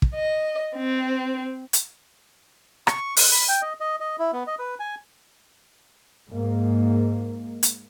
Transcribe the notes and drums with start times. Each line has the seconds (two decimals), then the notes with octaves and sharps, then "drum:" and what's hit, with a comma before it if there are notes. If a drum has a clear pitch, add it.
0.02 drum: kick
0.14 D#5
0.77 C4
1.73 drum: hi-hat
2.87 C#6, drum: rim click
3.17 F#6, drum: open hi-hat
3.32 B5
3.49 G5
3.62 D#5
3.80 D#5
4.00 D#5
4.19 E4
4.33 B3
4.47 D#5
4.59 B4
4.80 G#5
6.30 G#2 A#3
7.63 drum: hi-hat